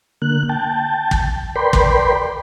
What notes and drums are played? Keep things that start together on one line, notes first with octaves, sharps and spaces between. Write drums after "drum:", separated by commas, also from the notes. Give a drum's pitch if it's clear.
D3 A#3 F#6
G5 A5
drum: kick
A#4 B4 D5 G5 B5 C6
drum: kick